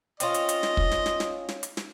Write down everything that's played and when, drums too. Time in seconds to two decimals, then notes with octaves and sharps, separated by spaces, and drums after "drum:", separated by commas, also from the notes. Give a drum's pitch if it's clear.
0.20 C4 C#4 F4 D#5, drum: hi-hat
0.34 drum: hi-hat
0.49 drum: hi-hat
0.63 drum: snare
0.77 drum: kick
0.91 drum: snare
1.06 drum: snare
1.20 drum: snare
1.49 drum: snare
1.63 drum: hi-hat
1.77 drum: snare